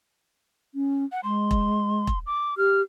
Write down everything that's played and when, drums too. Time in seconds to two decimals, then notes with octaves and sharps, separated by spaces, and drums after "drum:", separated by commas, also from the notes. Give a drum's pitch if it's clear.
0.75 C#4
1.12 F#5
1.24 G#3 C6
1.51 drum: kick E1
2.07 drum: kick E1
2.26 D6
2.58 G4 F6